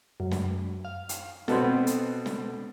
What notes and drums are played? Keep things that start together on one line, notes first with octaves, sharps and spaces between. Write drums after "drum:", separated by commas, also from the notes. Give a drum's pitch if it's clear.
F#2
drum: snare
F5
drum: hi-hat
B2 B3 C4 A4, drum: snare
drum: hi-hat
drum: snare